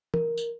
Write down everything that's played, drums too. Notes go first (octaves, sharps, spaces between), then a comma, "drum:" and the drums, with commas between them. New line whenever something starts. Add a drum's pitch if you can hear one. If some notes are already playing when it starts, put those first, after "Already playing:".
A#4, drum: tom
drum: tambourine